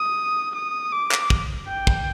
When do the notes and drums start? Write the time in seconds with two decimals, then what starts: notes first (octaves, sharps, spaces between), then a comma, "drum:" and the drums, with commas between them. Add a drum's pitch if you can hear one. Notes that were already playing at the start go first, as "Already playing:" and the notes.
Already playing: D#6
0.55 D#6
0.92 D6
1.11 drum: clap
1.30 drum: kick
1.68 G5
1.87 drum: kick